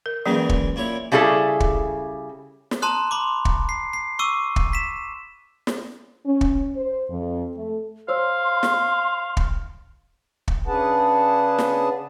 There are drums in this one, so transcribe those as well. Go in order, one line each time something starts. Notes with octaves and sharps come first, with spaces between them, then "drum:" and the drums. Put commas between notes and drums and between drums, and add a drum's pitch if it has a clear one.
A#4
A#2 E3 F#3 G#3 A#3 C#4
drum: kick
A#2 E4 C#5
C#3 G3 E4 G#4 A4
drum: kick
drum: snare
A5 A#5 C6 D#6 F#6
B5 C6 D6
drum: kick
C7
C7
C#6 D6 E6 D#7
drum: kick
B6 E7
drum: snare
C#4
drum: kick
C5
F2
A3
C5 C#5 F5 C6 E6
drum: snare
drum: kick
drum: kick
C#3 D4 G#4 B4 F#5 A5
drum: snare